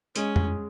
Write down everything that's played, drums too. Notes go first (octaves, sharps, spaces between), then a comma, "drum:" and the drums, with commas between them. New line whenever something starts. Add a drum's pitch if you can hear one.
G#3 C#4, drum: hi-hat
drum: tom